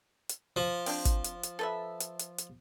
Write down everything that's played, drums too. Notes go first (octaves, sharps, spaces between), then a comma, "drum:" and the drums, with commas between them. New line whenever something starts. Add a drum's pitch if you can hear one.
drum: hi-hat
F3
C4 D4, drum: open hi-hat
drum: kick, hi-hat
drum: hi-hat
drum: hi-hat
A4 B4 E5
drum: hi-hat
drum: hi-hat
drum: hi-hat